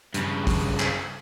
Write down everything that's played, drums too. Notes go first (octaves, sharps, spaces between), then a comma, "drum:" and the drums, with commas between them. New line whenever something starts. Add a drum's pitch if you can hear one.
G2 C#3, drum: hi-hat
drum: kick, open hi-hat
drum: clap